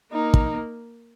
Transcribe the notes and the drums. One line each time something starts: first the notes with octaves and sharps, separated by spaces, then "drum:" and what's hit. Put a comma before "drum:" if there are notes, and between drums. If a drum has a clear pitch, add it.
A#3 D#4
drum: kick